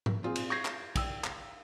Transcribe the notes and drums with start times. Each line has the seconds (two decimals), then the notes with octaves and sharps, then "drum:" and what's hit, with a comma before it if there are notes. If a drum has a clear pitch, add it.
0.06 drum: tom G#2
0.23 C4 F4 G#4
0.36 drum: cymbal
0.50 C#6 G6 G#6 A#6 C7
0.65 drum: clap
0.96 G5 E6, drum: kick, cymbal
1.24 drum: clap